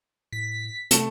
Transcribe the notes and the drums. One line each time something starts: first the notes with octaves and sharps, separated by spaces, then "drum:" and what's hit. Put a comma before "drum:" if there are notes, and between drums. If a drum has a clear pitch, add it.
A2 B6
C3 A3 A5, drum: hi-hat